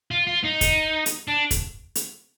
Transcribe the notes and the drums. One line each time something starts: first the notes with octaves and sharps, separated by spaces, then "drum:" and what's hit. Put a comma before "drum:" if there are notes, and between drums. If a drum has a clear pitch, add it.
F4
F4
D#4
drum: kick, hi-hat
drum: hi-hat
D4
drum: kick, hi-hat
drum: hi-hat